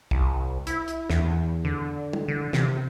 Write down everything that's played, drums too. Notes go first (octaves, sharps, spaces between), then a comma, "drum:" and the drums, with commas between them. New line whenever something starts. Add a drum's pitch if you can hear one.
C2, drum: kick
E4, drum: hi-hat
drum: hi-hat
E2, drum: snare
D3
drum: tom
D3
C3, drum: snare